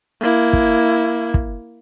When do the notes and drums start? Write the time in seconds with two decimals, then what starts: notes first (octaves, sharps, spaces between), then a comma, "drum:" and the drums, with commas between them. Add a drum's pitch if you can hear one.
0.21 A#3 E4
0.53 drum: kick
1.34 drum: kick